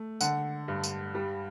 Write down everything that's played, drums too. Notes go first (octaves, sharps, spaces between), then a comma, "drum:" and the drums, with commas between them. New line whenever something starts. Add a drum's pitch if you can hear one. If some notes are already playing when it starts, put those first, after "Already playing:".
Already playing: A3
D3 F#5, drum: tambourine
G2
drum: tambourine
G3